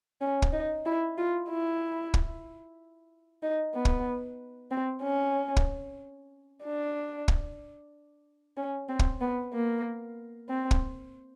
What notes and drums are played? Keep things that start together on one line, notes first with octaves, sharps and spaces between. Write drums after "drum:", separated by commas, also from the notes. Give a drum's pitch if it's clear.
C#4
drum: kick
D#4
E4
F4
E4
drum: kick
D#4
B3
drum: kick
C4
C#4
drum: kick
D4
drum: kick
C#4
C4
drum: kick
B3
A#3
C4
drum: kick